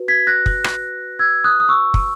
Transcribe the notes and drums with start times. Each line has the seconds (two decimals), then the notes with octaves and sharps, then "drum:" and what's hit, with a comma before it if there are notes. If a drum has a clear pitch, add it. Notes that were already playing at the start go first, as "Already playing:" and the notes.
Already playing: F#4 B4
0.08 G#6 B6
0.27 F#6 A#6
0.46 drum: kick
0.64 drum: rim click
1.19 E6 G#6
1.44 D#6 F#6
1.60 D#6
1.69 C#6 E6
1.94 drum: kick